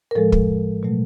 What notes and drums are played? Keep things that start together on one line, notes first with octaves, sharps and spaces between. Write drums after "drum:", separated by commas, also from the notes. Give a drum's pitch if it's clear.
A#4
A2 F3 G#3 A4
drum: kick
B2 F#3 A3